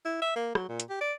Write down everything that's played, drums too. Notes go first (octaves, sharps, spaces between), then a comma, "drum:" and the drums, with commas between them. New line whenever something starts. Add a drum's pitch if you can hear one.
E4
E5
A#3
F#3, drum: rim click
A#2
drum: hi-hat
G4
D5